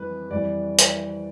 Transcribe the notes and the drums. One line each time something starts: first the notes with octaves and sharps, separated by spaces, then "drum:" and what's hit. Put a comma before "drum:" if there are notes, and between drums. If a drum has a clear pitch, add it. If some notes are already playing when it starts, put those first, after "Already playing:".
Already playing: F2 E3 G3 B4
F2 E3 G3 D5
drum: hi-hat